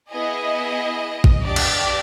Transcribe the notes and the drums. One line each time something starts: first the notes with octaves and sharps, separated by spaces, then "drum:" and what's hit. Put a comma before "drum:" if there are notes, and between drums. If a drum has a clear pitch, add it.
B3 E4 G#4 D#5
drum: kick
D4 G4 D5
drum: cymbal